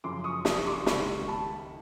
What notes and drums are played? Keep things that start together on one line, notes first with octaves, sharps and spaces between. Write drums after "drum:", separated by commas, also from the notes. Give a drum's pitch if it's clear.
F#2 C#3 F3 C6 D6
C#6 D#6
C#6 D#6, drum: snare
C6 D6
C#2 C3 D#3 B5 C#6, drum: snare
A5 B5